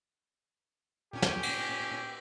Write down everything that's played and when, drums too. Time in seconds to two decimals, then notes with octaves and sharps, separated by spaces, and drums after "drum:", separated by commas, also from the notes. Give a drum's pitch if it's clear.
1.13 A#2 C#4 G4 G#5
1.22 drum: snare
1.43 drum: cymbal